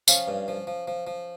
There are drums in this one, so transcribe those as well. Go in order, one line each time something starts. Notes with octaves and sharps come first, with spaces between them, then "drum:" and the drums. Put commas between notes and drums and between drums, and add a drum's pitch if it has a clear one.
F3 C#4 F4, drum: tambourine
G2
F3
F3
F3
F3